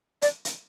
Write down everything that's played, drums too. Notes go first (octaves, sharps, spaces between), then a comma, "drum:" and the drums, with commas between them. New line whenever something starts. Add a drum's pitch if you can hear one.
D5, drum: hi-hat
drum: hi-hat